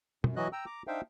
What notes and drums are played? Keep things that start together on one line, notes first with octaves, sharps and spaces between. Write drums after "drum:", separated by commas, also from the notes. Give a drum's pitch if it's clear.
F#2, drum: tom
E3 F#3 F#4 D#5 F#6
G5 A#5 E6
A#5 D6
D4 D#4 C5 E5 F5 G5